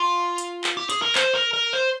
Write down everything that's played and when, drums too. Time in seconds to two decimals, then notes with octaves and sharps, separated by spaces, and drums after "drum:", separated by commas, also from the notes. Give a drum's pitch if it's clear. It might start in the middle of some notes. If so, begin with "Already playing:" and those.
Already playing: F4
0.38 drum: hi-hat
0.64 drum: clap
0.77 G4
0.90 G#4, drum: hi-hat
1.02 A#4
1.15 C5, drum: clap
1.34 A#4
1.54 A#4
1.73 C5